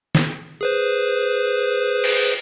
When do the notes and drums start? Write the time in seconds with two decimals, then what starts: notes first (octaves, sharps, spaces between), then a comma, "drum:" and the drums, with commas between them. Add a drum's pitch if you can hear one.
0.15 drum: snare
0.61 G#4 B4 C5
2.04 drum: cymbal